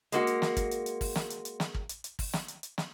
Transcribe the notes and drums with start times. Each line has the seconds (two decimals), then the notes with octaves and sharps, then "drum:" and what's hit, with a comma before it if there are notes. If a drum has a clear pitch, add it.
0.12 G#3 A#3 F#4, drum: hi-hat
0.27 drum: hi-hat
0.42 drum: snare
0.57 drum: kick, hi-hat
0.71 drum: hi-hat
0.86 drum: hi-hat
1.01 drum: kick, open hi-hat
1.16 drum: snare
1.30 drum: hi-hat
1.45 drum: hi-hat
1.60 drum: snare
1.74 drum: kick
1.89 drum: hi-hat
2.04 drum: hi-hat
2.19 drum: kick, open hi-hat
2.33 drum: snare
2.48 drum: hi-hat
2.63 drum: hi-hat
2.78 drum: snare